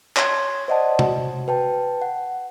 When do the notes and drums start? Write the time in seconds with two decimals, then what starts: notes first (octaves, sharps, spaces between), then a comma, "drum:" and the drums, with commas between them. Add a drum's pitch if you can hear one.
0.17 C#5 C6 G#6, drum: clap
0.68 C5 D5 D#5 F#5 A5
0.99 F#4, drum: tom
1.48 B4 G5 A5
2.02 F#5